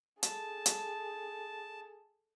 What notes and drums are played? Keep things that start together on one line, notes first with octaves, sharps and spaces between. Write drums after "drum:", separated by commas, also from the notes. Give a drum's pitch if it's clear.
G#4 A4 A5, drum: hi-hat
drum: hi-hat